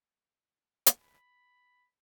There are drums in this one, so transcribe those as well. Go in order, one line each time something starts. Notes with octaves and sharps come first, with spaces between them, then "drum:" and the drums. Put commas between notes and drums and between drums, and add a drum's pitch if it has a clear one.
drum: hi-hat
B5